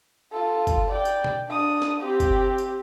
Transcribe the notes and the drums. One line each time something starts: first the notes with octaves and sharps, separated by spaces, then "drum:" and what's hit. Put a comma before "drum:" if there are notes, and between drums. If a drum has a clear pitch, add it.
F4 A4
drum: kick, tambourine
D5 G5
drum: tambourine
drum: tom
D4 D#6
drum: snare
C4 G4
drum: kick, tambourine
drum: tambourine